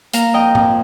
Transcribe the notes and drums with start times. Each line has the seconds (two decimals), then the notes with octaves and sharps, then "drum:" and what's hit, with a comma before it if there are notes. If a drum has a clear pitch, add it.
0.13 A#3 F5 A#5, drum: hi-hat
0.34 F2 D#5 G5
0.55 F2, drum: tom A2